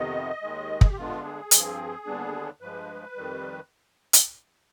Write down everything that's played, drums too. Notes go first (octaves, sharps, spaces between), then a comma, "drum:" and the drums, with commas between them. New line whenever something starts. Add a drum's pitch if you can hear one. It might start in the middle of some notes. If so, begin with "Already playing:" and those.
Already playing: F2 C3 D#3 B3 D#5
D#2 D#3 G#3
G#4, drum: kick
G4
G2 D3 G#3 B3 D4 F4
G#4
G2 F3 C4, drum: hi-hat
D#2 D3 G3 B3 D4
G2 F3 G#3 B4
F2 D#3 G3
drum: hi-hat